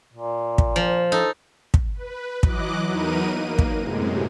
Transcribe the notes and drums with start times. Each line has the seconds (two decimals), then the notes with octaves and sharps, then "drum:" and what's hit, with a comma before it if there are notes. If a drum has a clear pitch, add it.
0.14 A#2
0.58 drum: kick
0.76 F3
1.12 D#4 A4
1.74 drum: kick
1.94 B4
2.43 E3 F#3 D#5 D6 F#6, drum: kick
2.86 E2 F#3 D#4 A#4 B4 D#7
3.32 A#3
3.59 drum: kick
3.78 F#2 A2 C3 G#3